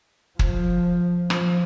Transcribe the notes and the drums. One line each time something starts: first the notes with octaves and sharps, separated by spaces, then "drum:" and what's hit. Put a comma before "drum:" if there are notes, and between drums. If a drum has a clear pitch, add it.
F3, drum: kick
F3, drum: rim click